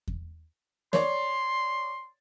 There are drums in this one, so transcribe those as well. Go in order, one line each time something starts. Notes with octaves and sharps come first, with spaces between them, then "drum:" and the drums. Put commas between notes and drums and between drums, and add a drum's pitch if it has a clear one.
drum: kick E2
C#5 D5 C6, drum: snare